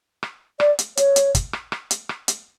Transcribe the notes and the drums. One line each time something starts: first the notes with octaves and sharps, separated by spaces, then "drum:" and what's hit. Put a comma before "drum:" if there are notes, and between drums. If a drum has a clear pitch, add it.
drum: rim click
D5, drum: rim click
drum: hi-hat
C#5, drum: hi-hat
drum: hi-hat
drum: kick, hi-hat
drum: rim click
drum: rim click
drum: hi-hat
drum: rim click
drum: hi-hat